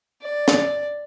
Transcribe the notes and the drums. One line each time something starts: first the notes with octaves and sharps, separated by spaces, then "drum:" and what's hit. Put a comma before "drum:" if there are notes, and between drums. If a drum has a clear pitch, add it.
D5
drum: snare